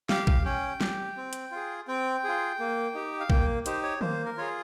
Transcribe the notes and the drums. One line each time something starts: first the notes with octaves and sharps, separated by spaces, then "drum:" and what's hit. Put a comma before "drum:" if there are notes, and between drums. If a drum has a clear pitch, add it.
G4 F5, drum: snare
F5, drum: kick A#1
C#4 G5
G4, drum: snare
C4
drum: hi-hat
F4 G#4
C4 G5
F4 G#4
A#3
D#4 G4
F5
A#3 G5, drum: kick A#1
D#4 G4 C5, drum: hi-hat
C#5
A#3 C5, drum: tom D#3
A#4
F4 G#4 C#5